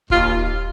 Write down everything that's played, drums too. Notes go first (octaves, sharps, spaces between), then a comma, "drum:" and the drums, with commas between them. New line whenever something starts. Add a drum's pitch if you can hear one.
D#2 F4, drum: kick D#1